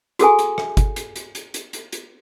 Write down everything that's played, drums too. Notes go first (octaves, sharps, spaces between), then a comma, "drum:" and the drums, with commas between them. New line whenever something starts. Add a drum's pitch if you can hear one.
F#4 G#4 A4 G#5, drum: hi-hat
drum: hi-hat
drum: rim click
drum: kick G1, hi-hat
drum: hi-hat
drum: hi-hat
drum: hi-hat
drum: hi-hat
drum: hi-hat
drum: hi-hat